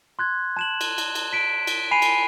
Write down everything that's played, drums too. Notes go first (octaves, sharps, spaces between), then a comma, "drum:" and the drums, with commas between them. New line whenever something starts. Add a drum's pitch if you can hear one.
C6 F#6 G#6
A5 E7 F#7
drum: cymbal
drum: cymbal
drum: cymbal
B6 D7
drum: cymbal
G#5 B5 C7 D#7 F7
drum: cymbal